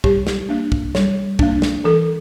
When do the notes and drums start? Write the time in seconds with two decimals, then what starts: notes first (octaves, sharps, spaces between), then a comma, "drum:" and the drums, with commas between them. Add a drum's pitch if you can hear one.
0.04 G3 G4, drum: kick
0.27 drum: snare
0.49 A#3 D4
0.72 drum: kick
0.95 G3, drum: snare
1.39 A#3 D4, drum: kick
1.62 drum: snare
1.84 E3 A4